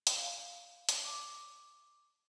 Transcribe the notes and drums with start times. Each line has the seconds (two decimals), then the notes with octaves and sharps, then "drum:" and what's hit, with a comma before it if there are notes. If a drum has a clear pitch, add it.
0.07 drum: hi-hat
0.18 F5
0.89 drum: hi-hat
1.04 D6